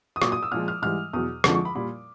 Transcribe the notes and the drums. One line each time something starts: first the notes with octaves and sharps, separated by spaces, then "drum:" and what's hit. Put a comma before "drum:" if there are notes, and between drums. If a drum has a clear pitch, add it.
D#6
A#2 F#3 D6, drum: rim click
D#6
E6
A#2 F3 G#3 F6
F6
G#2 E3 G3 F6
E2 B2 F#3 D#6
F2 D3 F3 G#3 D6, drum: rim click
C#6
B5
A#2 G3 B5